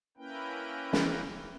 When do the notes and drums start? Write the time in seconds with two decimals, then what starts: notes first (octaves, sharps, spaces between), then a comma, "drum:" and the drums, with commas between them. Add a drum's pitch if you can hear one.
0.17 A#3 C#4 E4 A#4 B4 G5
0.93 drum: snare